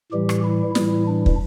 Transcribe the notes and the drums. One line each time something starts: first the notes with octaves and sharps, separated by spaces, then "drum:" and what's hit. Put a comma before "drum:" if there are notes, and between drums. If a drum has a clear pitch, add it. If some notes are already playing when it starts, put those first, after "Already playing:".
A2 E3 G3 G4
drum: rim click
E4
A2 E3 G3 E4, drum: snare
D4
drum: kick